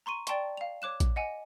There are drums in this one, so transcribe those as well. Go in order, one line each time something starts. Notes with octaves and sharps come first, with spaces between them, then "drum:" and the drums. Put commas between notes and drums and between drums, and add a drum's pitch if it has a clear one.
A#5 C6 C#6 D#7
D5 G5 A5 C6 C#6, drum: hi-hat
F5 F7
C#5 D6 F#6 E7
drum: kick A#1, hi-hat
D#5 F#5 G#5